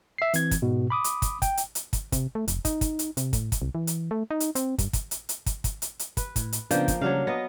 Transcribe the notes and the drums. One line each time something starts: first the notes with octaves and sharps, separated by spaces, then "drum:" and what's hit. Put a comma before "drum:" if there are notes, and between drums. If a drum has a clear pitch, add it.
E5 C7
E3 C4 G#6, drum: hi-hat
drum: kick, hi-hat
G#2 B2
B5 D6 D#6
drum: hi-hat
drum: kick, hi-hat
G5, drum: kick, hi-hat
drum: hi-hat
drum: hi-hat
drum: kick, hi-hat
C3, drum: kick, hi-hat
A3
F1, drum: hi-hat
D#4, drum: kick, hi-hat
drum: kick, hi-hat
drum: hi-hat
C3, drum: hi-hat
A2, drum: kick, hi-hat
drum: kick, hi-hat
C2
E3
drum: hi-hat
A3
D#4
drum: hi-hat
C4, drum: hi-hat
G2, drum: kick, hi-hat
drum: kick, hi-hat
drum: hi-hat
drum: hi-hat
drum: kick, hi-hat
drum: kick, hi-hat
drum: hi-hat
drum: hi-hat
B4, drum: kick, hi-hat
A2, drum: kick, hi-hat
drum: hi-hat
C#3 F3 A#3 B3 D4 G5, drum: hi-hat
drum: kick, hi-hat
C#3 F#3 G3 D4 F#4 F5
B3 D#5 A#6